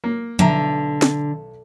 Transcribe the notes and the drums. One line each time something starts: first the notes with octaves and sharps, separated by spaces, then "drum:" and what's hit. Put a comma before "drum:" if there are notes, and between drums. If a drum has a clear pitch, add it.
A#3
B1 D3 E5 A#5, drum: tom F3
drum: snare